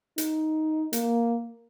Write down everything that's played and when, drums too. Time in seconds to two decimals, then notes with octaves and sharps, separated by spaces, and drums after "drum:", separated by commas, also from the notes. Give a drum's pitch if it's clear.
0.18 D#4, drum: hi-hat
0.93 A#3, drum: hi-hat